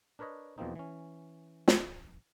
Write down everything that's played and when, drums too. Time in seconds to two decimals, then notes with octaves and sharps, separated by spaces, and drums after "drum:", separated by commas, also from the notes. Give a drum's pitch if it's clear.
0.19 D4 A#4 B4 C#5 D#5
0.58 E2 B2 F3 A#3 C4 D#4
0.75 E3 C#4
1.68 drum: snare